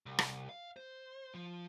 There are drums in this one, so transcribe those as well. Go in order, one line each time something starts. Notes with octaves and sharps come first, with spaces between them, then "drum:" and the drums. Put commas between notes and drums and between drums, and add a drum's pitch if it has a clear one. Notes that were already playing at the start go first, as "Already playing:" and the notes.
C2
drum: rim click
F5
C5
F3